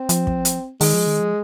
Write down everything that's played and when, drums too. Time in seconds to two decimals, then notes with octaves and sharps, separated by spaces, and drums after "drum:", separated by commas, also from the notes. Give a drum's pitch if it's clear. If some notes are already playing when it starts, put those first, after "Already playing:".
Already playing: C4
0.09 F3, drum: hi-hat
0.27 drum: kick
0.45 drum: hi-hat
0.81 D#3 G#3, drum: open hi-hat
0.94 F3
1.07 D#3
1.20 F3